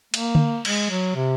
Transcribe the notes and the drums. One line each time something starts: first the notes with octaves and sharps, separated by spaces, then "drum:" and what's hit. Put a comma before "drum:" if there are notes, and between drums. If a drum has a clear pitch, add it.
A#3, drum: cymbal
drum: tom D3
G#3, drum: cymbal
F#3
C3